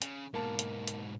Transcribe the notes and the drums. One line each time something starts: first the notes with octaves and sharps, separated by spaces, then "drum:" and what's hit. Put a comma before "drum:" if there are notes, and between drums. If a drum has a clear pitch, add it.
C#3, drum: hi-hat
G#2 B2 A#3 A5
drum: hi-hat
drum: hi-hat